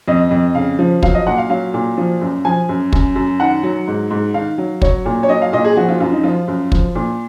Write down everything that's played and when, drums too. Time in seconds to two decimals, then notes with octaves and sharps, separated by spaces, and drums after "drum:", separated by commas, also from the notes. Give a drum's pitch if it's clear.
0.08 F2 D#5
0.31 F2
0.55 C#3 F5
0.79 F3
1.03 F#3 F5, drum: kick
1.14 D#5
1.26 A#2 F#5
1.38 F5
1.50 F#3 F5
1.74 A#2
1.98 F3
2.21 F#2
2.45 F3 G#5
2.69 F#2
2.93 F#2, drum: kick
3.16 F#2
3.40 D#3 F#5
3.63 F#3
3.88 G#2
4.10 G#2
4.34 D#3 F5
4.58 F#3
4.82 F#3 C#5, drum: kick
5.06 A#2
5.23 C#5
5.29 F#3 D#5
5.42 F5
5.53 A#2 D#5
5.65 G#4
5.77 F3 F#4
5.89 F4
6.00 F#2 F4
6.12 D#4
6.24 F3 F4
6.48 F#2
6.72 F3, drum: kick
6.95 A#2